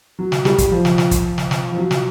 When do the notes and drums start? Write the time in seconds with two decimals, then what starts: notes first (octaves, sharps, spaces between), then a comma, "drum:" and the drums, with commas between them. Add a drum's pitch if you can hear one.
0.19 F#3
0.32 drum: snare
0.45 G3, drum: snare
0.58 drum: kick, hi-hat
0.72 F3
0.85 drum: snare
0.98 drum: snare
1.11 drum: kick, hi-hat
1.38 drum: snare
1.51 drum: snare
1.71 F3
1.78 F#3
1.91 drum: snare